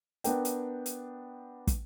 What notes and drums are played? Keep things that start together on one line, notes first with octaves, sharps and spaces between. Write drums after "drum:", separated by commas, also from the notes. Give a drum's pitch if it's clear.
B3 D4 A#4 G5, drum: hi-hat
drum: hi-hat
drum: hi-hat
drum: kick, hi-hat